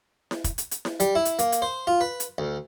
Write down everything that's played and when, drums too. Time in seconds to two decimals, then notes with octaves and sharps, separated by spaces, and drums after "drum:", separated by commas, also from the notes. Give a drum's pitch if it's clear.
0.31 drum: snare E4
0.44 drum: kick, hi-hat
0.58 drum: hi-hat
0.71 drum: hi-hat
0.85 drum: snare E4
1.00 G3, drum: hi-hat
1.15 E4
1.25 drum: hi-hat
1.39 A#3, drum: hi-hat
1.52 drum: hi-hat
1.62 C5
1.87 F4
2.01 B4
2.20 drum: hi-hat
2.38 D2